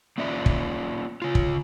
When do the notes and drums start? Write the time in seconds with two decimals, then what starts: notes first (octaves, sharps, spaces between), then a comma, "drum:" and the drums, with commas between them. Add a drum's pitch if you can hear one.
0.18 A#3 C#4 F4 D5 E5
0.46 drum: kick
1.22 C#3 F4
1.35 drum: kick